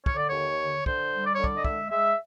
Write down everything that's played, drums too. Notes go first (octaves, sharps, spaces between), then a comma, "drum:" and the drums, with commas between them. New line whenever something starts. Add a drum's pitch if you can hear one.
D3 C#5, drum: kick
D5
D#2 C#5
D3
D3 C5, drum: kick
G3
D5
D3 C#5
D5, drum: kick
D#5
G#3 E5, drum: kick
G#3 E5